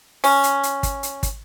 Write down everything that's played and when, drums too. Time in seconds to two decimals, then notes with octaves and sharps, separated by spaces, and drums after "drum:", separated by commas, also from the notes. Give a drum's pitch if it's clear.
0.24 C#4, drum: open hi-hat
0.43 drum: hi-hat
0.63 drum: hi-hat
0.83 drum: kick, hi-hat
1.03 drum: hi-hat
1.23 drum: kick, hi-hat